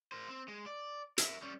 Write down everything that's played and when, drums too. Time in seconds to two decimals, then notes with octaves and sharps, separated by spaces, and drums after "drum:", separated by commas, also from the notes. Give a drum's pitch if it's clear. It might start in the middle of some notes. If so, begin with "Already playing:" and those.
0.12 A#4 C5
0.28 C4
0.48 G#3
0.66 D5
1.18 A#4 E5, drum: hi-hat
1.42 G3 C#4